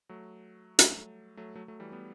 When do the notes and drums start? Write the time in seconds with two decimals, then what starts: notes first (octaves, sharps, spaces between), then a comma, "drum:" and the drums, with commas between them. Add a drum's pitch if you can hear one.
0.09 F#3 A3
0.79 G3, drum: hi-hat
0.82 F#3 A3
1.37 F#3 A3
1.55 F#3 A3
1.68 F#3 A3
1.80 E3 G3
1.92 G3 B3